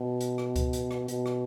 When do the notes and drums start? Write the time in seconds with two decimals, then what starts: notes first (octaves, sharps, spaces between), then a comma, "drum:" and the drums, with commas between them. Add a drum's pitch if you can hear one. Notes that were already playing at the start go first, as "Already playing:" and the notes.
Already playing: B2
0.21 drum: hi-hat
0.38 drum: rim click
0.56 drum: kick C#2, hi-hat
0.73 drum: hi-hat
0.91 drum: rim click
1.08 B2, drum: hi-hat
1.26 drum: rim click